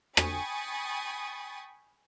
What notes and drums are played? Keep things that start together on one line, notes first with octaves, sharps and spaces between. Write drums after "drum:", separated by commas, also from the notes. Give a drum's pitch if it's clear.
G5 G#5 B5 C#6 D#6 A6, drum: rim click